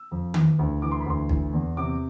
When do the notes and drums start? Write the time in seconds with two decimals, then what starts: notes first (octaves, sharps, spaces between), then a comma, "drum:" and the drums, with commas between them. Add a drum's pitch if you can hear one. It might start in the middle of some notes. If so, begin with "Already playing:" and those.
Already playing: E6
0.11 F2
0.34 E3, drum: tom D#3
0.59 D2
0.82 E3 D6
0.92 C6
1.00 B5
1.06 D2 C6
1.29 E3, drum: kick
1.53 E2
1.77 C3 D6